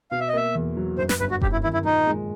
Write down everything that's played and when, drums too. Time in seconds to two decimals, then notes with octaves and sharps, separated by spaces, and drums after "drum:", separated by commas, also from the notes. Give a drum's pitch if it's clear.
0.11 B2 F5
0.20 E5
0.28 D#5
0.33 A#3 E5
0.55 E2
0.77 F#3
0.98 F#2 C5
1.09 B4, drum: snare
1.20 G1 B4
1.31 F#4
1.42 G1 G4, drum: kick F1
1.52 E4
1.63 D#3 E4
1.73 E4
1.85 A#2 D#4
2.07 G#3